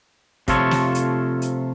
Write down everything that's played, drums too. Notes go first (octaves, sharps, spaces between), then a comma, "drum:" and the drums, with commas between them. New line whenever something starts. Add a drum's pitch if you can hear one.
C3 F3 A3 F4 A4 C#5, drum: kick, hi-hat
drum: snare
drum: hi-hat
drum: hi-hat